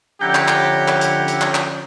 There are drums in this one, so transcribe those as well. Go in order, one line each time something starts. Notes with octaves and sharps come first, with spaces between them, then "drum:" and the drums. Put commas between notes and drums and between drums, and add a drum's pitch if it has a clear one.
D3 F3 C#4 E4 G4 F#5 A#5 G6
drum: clap
drum: clap
drum: clap
drum: hi-hat
drum: hi-hat
drum: clap
drum: clap